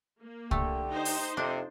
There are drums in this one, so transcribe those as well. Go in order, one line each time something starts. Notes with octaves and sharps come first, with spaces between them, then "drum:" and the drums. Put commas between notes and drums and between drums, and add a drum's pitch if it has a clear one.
A#3
D3 A3 G4, drum: kick C2
D#4 C5
drum: open hi-hat
F2 C3 D4